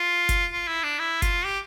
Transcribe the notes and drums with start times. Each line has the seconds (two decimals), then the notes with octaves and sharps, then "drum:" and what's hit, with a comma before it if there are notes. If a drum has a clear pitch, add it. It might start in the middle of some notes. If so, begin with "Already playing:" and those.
Already playing: F4
0.29 drum: kick F#1, hi-hat
0.53 F4
0.68 E4
0.83 D4
0.99 E4
1.22 F4, drum: kick F#1, hi-hat
1.45 G4